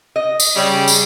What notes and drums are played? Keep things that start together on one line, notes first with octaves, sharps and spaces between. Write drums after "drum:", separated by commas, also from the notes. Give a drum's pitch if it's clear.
D#5
drum: tambourine
C#3 G3
drum: tambourine